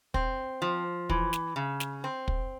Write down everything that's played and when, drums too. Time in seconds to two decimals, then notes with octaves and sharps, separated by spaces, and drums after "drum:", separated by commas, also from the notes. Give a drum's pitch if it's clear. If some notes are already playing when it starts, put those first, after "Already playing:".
0.14 C4, drum: kick
0.62 F3
1.09 E3, drum: kick
1.33 drum: snare
1.56 C#3
1.80 drum: snare
2.04 C4
2.28 drum: kick